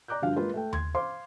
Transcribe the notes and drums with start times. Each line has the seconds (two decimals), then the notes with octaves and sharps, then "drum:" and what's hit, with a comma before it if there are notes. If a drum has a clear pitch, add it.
0.08 D5 A#5 D6 F#6 G6
0.22 G2 D3 F3 F#4 F5
0.37 G#3 A#3 F4 B4
0.54 A3 A4 G5
0.73 C6 G#6, drum: tom D#2
0.94 C5 F5 C6 D6